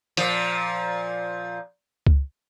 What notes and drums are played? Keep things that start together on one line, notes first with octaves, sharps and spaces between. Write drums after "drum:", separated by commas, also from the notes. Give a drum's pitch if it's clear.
A#2 F3, drum: hi-hat
drum: kick C#2